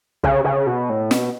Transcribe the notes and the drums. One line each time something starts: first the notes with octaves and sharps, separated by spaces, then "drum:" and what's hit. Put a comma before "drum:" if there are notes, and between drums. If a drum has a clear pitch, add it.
C#3, drum: kick
C#3
B2
A2
B2, drum: snare